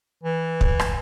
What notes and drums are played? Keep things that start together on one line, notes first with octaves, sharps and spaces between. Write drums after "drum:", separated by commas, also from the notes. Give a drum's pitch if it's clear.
E3
drum: kick
drum: rim click